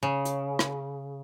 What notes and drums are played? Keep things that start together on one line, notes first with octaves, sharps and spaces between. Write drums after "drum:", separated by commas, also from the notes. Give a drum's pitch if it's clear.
C#3
drum: hi-hat
drum: rim click